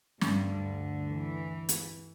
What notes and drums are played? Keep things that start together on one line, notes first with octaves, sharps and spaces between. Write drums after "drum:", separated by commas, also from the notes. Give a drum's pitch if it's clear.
D2 G2 D3 G3, drum: snare
E3
drum: hi-hat